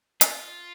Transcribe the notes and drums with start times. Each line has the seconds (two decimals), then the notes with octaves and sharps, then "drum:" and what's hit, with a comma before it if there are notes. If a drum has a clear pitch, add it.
0.21 F4, drum: hi-hat